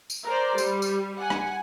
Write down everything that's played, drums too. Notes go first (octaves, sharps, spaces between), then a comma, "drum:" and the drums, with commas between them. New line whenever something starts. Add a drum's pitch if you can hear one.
drum: tambourine
A#4 C5 D5
G3, drum: tambourine
drum: tambourine
F#5 G#5
drum: rim click